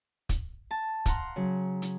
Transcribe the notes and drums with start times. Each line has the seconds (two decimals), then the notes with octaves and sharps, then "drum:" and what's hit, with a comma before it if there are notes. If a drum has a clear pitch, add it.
0.29 drum: kick, hi-hat
0.71 A5
1.06 F5 F#5 A#5 C6, drum: kick, hi-hat
1.36 C#3 F#3
1.82 drum: hi-hat